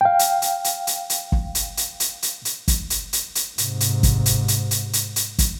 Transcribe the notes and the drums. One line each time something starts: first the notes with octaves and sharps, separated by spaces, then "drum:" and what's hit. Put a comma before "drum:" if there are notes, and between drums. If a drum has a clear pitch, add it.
F5 G5
drum: hi-hat
drum: hi-hat
drum: hi-hat
drum: hi-hat
drum: hi-hat
drum: kick
drum: hi-hat
drum: hi-hat
drum: hi-hat
drum: hi-hat
drum: hi-hat
drum: kick, hi-hat
drum: hi-hat
drum: hi-hat
drum: hi-hat
G#2 C3, drum: hi-hat
drum: hi-hat
drum: kick, hi-hat
drum: hi-hat
drum: hi-hat
drum: hi-hat
drum: hi-hat
drum: hi-hat
drum: kick, hi-hat